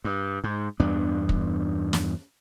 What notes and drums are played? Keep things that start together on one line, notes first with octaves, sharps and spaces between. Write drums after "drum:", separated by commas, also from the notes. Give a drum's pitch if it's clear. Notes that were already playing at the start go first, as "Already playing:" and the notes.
G2
G#2
E2 G2 B3 D4
drum: kick
drum: snare